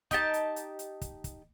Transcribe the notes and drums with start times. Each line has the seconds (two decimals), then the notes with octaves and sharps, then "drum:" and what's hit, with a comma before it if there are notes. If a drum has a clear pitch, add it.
0.11 D#4 G4 A5, drum: kick, hi-hat
0.34 drum: hi-hat
0.56 drum: hi-hat
0.79 drum: hi-hat
1.01 drum: kick, hi-hat
1.24 drum: kick, hi-hat